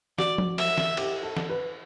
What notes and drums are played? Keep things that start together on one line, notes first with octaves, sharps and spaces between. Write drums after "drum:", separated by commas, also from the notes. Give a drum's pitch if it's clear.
F#4 D5, drum: snare
drum: tom F3
E5, drum: cymbal
drum: snare
G4, drum: cymbal
A4
drum: snare
B4